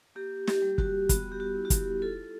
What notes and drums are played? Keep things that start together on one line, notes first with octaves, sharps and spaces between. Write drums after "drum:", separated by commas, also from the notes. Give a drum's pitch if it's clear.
A#3 G4
G4, drum: snare
G3
F#4, drum: kick
B3 F#4, drum: kick, hi-hat
G4
F#4
E4
F#4
G4, drum: kick, hi-hat
F4 A4